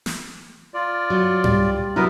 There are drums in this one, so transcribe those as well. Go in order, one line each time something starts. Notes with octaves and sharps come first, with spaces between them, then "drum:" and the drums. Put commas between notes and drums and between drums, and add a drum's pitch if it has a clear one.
drum: snare
F4 D5
F#3
G3, drum: tom G#2
C3 F#3 B3 E4 A#4 B4